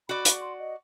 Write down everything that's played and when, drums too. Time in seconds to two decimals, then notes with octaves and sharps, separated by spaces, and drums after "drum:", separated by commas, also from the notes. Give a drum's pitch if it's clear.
0.09 F#4 D5 B5
0.25 drum: hi-hat
0.41 C6
0.59 D#5